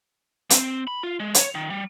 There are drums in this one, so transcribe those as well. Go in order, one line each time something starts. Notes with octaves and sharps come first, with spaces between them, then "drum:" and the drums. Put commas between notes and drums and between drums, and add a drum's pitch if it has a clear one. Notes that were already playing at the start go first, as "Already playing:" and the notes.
C4, drum: hi-hat
B5
F4
G#3
C#5, drum: hi-hat
D#3
G3